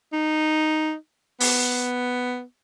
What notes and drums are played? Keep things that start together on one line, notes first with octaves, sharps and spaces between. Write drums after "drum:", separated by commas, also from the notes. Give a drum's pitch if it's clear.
D#4
B3, drum: open hi-hat